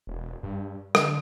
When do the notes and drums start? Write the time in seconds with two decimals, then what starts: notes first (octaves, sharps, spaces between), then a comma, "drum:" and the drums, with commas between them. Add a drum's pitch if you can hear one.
0.07 E1
0.43 G2
0.95 D3, drum: rim click